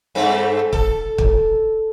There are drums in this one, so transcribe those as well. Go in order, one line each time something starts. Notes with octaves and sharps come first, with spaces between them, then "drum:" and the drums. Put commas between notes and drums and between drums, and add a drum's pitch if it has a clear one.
G2 A3 C4
A4, drum: kick
drum: kick